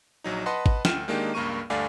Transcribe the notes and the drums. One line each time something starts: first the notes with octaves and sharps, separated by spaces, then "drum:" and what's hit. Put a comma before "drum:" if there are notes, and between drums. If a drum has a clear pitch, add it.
A#1 F#3 D#4
B4 D#5 F#5 A5 B5 C6
drum: kick G#1
D2 G5 F6 D#7 E7, drum: snare
D#3 G#3 A#3 D4 D#4 G4
C#2 G2 A#3 A#4 C#6 D#7
D2 G2 A3 D5 F5 G#5